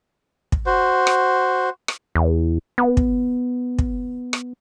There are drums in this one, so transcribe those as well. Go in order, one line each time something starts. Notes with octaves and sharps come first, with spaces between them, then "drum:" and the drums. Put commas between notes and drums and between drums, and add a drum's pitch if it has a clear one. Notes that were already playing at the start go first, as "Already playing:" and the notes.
drum: kick
F#4 C5
drum: rim click
drum: rim click
E2
B3
drum: kick
drum: kick
drum: rim click